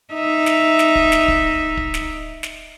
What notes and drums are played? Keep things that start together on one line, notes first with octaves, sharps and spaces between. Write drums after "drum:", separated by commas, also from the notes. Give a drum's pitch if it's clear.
D#4 E5
drum: snare
drum: snare
drum: kick
drum: snare
drum: kick
drum: kick
drum: snare
drum: snare